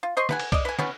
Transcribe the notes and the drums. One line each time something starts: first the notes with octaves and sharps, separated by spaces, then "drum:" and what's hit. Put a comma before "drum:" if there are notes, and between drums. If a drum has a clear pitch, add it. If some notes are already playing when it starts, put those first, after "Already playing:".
F4
C5 D#5 C6 C#6
B4 F#5 G#5, drum: snare
drum: cymbal
D5 D#5, drum: kick, cymbal
B4 G#5
B3 C#4, drum: snare